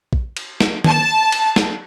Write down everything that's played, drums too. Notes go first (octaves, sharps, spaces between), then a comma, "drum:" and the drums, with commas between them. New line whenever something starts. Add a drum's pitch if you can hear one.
drum: kick
drum: cymbal
drum: snare
A5, drum: tom D#3
drum: cymbal
drum: snare